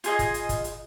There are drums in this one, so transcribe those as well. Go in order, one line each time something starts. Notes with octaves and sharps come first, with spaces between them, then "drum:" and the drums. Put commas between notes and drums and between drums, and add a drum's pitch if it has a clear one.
F4 G#4 D#5, drum: hi-hat
drum: kick, hi-hat
drum: hi-hat
drum: kick, hi-hat
drum: hi-hat